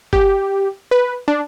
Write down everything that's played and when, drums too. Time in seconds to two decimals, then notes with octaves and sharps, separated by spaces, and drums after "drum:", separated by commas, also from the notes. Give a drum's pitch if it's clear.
0.13 G4, drum: kick G1
0.91 B4
1.28 D4